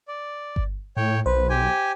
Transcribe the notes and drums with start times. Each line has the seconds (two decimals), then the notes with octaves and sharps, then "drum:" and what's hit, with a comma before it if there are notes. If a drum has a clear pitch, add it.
0.08 D5
0.56 drum: kick G1
0.97 A2 C#5 G5
1.26 B1 B4 C5
1.50 G4 G5 G#5